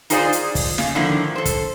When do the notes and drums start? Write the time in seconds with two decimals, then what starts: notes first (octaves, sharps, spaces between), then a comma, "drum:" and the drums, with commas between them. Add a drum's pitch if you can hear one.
0.10 D#4 F4 G#4 C5 D5 D#5, drum: hi-hat
0.33 drum: hi-hat
0.55 drum: kick, open hi-hat
0.78 C#3, drum: snare
0.95 G#2 D3 D#3 F3 D4 E4
1.36 A4 C5
1.45 drum: kick, hi-hat